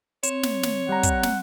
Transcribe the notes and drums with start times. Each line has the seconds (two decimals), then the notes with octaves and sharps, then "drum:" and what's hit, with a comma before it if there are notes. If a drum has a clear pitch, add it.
0.23 C4 C#5, drum: hi-hat
0.43 drum: snare
0.63 drum: snare
0.89 G3 F#5 A#5
1.03 drum: kick, hi-hat
1.23 drum: snare